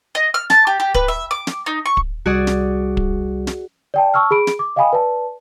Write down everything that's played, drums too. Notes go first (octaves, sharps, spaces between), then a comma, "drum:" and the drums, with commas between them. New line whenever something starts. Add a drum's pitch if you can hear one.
D#5
F6
A5, drum: snare
G4
G4
B4, drum: kick
E5
D6
drum: snare
D#4
C#6
drum: kick
C2 G3 F#4 G#4 D5
drum: snare
drum: kick
drum: snare
D5 G5 A5
A5 C#6 E6 F6
G#4 B5 D7
drum: snare
D6
D#5 F5 G5 G#5 B5 D#6
B4 D5 A5